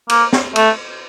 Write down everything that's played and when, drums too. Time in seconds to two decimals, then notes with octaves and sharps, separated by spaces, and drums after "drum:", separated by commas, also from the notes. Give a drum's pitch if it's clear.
0.09 A#3, drum: cymbal
0.33 drum: snare
0.56 A3, drum: cymbal